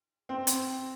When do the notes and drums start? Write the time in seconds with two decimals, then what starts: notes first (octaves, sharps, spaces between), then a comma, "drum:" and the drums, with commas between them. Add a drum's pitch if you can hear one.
0.29 C4
0.47 drum: hi-hat